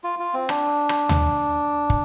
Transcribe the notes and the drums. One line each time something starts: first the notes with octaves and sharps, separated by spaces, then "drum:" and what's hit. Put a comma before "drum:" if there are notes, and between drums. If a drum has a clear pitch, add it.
F4
F4
C4
D4, drum: rim click
drum: rim click
drum: tom D2
drum: kick